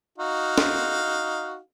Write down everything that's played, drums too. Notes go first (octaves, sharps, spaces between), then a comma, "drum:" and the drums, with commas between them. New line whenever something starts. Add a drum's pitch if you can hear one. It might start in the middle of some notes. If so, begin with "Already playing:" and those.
D#4 F#4 F5
drum: snare